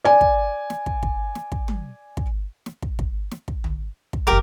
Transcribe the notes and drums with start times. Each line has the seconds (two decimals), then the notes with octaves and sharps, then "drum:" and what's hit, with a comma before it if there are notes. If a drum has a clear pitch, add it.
0.04 D5 G#5
0.21 drum: kick
0.70 drum: snare
0.86 drum: kick
1.03 drum: kick
1.35 drum: snare
1.52 drum: kick
1.68 drum: tom
2.17 drum: kick
2.66 drum: snare
2.82 drum: kick
2.99 drum: kick
3.31 drum: snare
3.48 drum: kick
3.64 drum: tom
4.13 drum: kick
4.27 F#1 E2 G4 A#4